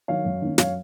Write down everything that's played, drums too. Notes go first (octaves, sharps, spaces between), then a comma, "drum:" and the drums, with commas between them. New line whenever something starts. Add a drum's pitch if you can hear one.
D#3 F#3 C#5 F5
F#2
D#3 A#3 C#4
F#2 C#5 F5, drum: snare